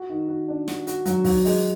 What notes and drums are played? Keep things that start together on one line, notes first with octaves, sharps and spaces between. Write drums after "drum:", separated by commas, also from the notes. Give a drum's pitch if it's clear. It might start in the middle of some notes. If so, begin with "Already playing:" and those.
Already playing: F#4
D#3
F#4
D4
F#4, drum: snare
F#4, drum: hi-hat
F#3, drum: hi-hat
F#3, drum: kick, open hi-hat
G#3, drum: open hi-hat